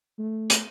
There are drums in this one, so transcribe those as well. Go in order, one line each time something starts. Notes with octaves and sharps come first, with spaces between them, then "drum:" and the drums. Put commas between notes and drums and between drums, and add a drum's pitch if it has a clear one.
A3
drum: hi-hat